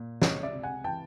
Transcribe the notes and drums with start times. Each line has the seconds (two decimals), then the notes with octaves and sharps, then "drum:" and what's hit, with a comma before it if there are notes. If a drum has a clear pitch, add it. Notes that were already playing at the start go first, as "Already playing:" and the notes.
Already playing: A#2
0.22 C#2 C#5 D#5, drum: snare
0.43 D5 E5
0.53 C3
0.63 F#5 G#5
0.84 E3 G5 A5